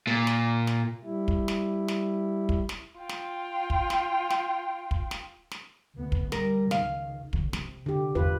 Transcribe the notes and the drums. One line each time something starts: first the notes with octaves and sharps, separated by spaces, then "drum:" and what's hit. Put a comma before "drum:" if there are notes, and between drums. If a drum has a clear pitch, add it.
A#2
drum: snare
drum: snare
G3 E4
drum: kick
drum: snare
drum: snare
drum: kick
drum: snare
F4 G5
drum: snare
drum: kick
drum: snare
drum: snare
drum: kick
drum: snare
drum: snare
D2 B3
drum: kick
G3 A#4, drum: snare
C#2 D#3 F5, drum: snare
D3 F#3, drum: kick
C3, drum: snare
D3 G4
G1 E2 F4 B4